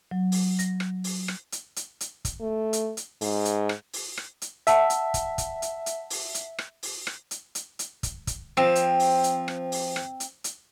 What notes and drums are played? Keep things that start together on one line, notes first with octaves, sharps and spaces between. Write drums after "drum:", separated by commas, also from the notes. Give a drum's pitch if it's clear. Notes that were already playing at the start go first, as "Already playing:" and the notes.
F#3
drum: open hi-hat
A#6, drum: hi-hat
drum: rim click
drum: open hi-hat
drum: rim click
drum: hi-hat
drum: hi-hat
drum: hi-hat
drum: kick, hi-hat
A3
drum: hi-hat
drum: hi-hat
G#2, drum: open hi-hat
drum: hi-hat
drum: rim click
drum: open hi-hat
drum: rim click
drum: hi-hat
E5 F#5 A5 E6, drum: hi-hat
drum: hi-hat
drum: kick, hi-hat
drum: kick, hi-hat
drum: hi-hat
drum: hi-hat
drum: open hi-hat
drum: hi-hat
drum: rim click
drum: open hi-hat
drum: rim click
drum: hi-hat
drum: hi-hat
drum: hi-hat
drum: kick, hi-hat
drum: kick, hi-hat
F3 C4
drum: hi-hat
drum: open hi-hat
drum: hi-hat
drum: rim click
drum: open hi-hat
drum: rim click
drum: hi-hat
drum: hi-hat